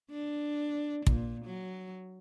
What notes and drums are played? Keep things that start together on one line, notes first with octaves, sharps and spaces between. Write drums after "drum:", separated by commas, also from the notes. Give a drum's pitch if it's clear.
D4
A#2, drum: kick
F#3